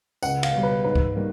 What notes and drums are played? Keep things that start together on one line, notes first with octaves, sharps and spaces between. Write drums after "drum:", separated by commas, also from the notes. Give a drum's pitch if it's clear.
C#2 F#5, drum: tambourine
F5, drum: cymbal
B2 G3
B4
G#2 B4
drum: kick C2
D#3 G3 A#3